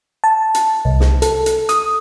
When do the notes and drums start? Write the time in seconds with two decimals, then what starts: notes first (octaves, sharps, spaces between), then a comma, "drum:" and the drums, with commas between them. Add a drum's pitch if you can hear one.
0.24 A5
0.55 drum: hi-hat
0.85 C2
1.00 drum: snare
1.22 A4, drum: hi-hat
1.46 drum: hi-hat
1.69 D#6, drum: hi-hat